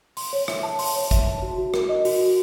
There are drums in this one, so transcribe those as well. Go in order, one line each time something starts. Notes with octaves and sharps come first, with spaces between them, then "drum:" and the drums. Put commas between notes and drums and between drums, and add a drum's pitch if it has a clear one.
C6, drum: open hi-hat
C#5
E5, drum: rim click
A5
C6, drum: open hi-hat
C#5
E5, drum: kick, hi-hat
A5
F#4
F#4
A#4, drum: rim click
D#5
F#4, drum: open hi-hat
F#4